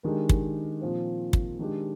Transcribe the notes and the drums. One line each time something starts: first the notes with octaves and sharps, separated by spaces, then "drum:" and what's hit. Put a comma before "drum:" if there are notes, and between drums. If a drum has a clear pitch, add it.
D#3 G#3 D4 G4 A#4
drum: kick
A#2 F3 C4
drum: kick
D#3 G#3 D4 G4